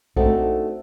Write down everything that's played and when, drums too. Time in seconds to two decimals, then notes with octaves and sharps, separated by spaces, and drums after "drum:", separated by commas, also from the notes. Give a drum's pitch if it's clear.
0.16 A3 C4 D4 D#4 F#4 A4, drum: kick A#1